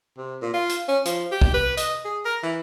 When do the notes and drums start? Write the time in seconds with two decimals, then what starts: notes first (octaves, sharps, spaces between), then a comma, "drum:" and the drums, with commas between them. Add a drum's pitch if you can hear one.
0.18 C3
0.42 A#2
0.54 F4
0.69 drum: hi-hat
0.88 C#4
1.05 F3, drum: hi-hat
1.32 G4
1.41 drum: kick
1.54 B4
1.77 D#5, drum: hi-hat
2.05 G#4
2.25 A#4
2.43 E3